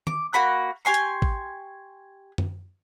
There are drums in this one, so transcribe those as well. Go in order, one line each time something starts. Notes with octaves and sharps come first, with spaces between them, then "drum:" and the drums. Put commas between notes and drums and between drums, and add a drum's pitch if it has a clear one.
D6, drum: tom D#3
A#3 F#4 B5 F#6
G4 G#5 C6 C#6
drum: hi-hat
drum: kick A1
drum: tom F#2